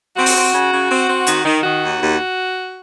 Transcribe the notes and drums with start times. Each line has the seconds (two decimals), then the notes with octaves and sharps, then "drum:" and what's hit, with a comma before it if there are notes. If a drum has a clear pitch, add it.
0.16 C4 F#4
0.26 drum: open hi-hat
0.35 C4
0.54 C#3
0.72 C#3
0.90 C4
1.09 C4
1.27 D#3, drum: hi-hat
1.45 D#3
1.63 D#3 F#4
1.83 D#2
2.01 D#2